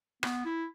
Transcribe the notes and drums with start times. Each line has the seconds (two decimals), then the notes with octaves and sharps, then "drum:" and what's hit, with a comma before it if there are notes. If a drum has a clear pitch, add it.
0.23 B3, drum: rim click
0.45 E4